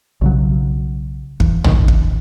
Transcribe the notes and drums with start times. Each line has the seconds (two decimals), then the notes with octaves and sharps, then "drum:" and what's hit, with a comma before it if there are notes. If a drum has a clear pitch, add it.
0.21 B1 C#3 F#3
1.40 E2, drum: kick
1.64 A1 D#2, drum: tom
1.88 drum: kick